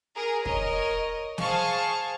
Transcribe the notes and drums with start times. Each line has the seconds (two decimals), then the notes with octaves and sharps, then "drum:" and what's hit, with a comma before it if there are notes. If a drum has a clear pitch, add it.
0.15 G#4 A#4 A#5
0.45 A#4 C#5 D#5, drum: kick
1.38 G#4 C5 F5 A5 C#6 F6, drum: snare